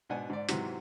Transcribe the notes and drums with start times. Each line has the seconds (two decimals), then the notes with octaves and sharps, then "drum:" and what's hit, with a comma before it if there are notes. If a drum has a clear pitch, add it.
0.09 G#2 B2 D4 F#5 G#5
0.30 G#2 D5
0.49 G#2 C3 E3 F#3, drum: hi-hat